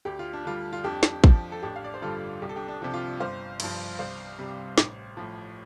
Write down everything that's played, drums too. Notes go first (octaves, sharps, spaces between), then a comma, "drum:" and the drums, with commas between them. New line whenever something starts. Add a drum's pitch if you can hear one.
D2 G4
F4
D4
D3 G3 F4
F4
F2 D4 G4
drum: snare
F3, drum: kick
A4
A1 D4 G4
F5
D5
C5
G2 D3 G3 F4 A4
C2 G4
A4
D4 G4
D4
C3 F3
F4
G1 C5 F5
G2 F3, drum: cymbal
C2 C5 F5
C3 G3
A1, drum: snare
A2 F3